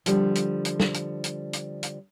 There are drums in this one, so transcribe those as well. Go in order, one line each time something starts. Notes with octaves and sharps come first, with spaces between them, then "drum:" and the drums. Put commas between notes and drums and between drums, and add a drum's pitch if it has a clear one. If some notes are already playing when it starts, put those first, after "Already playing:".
D3 F3 G3, drum: hi-hat
drum: hi-hat
drum: hi-hat
drum: snare
drum: hi-hat
drum: hi-hat
drum: hi-hat
drum: hi-hat